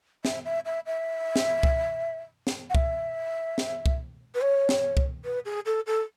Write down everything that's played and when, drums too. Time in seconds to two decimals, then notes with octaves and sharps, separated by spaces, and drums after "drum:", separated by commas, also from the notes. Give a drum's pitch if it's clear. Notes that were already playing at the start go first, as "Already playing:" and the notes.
0.25 E5, drum: snare
0.45 E5
0.66 E5
0.86 E5
1.36 drum: snare
1.63 drum: kick C2
2.47 drum: snare
2.70 F#5
2.75 E5, drum: kick C2
3.58 drum: snare
3.86 drum: kick C2
4.35 B4
4.41 C#5
4.69 drum: snare
4.97 drum: kick C2
5.25 B4
5.45 G#4
5.66 A4
5.87 A4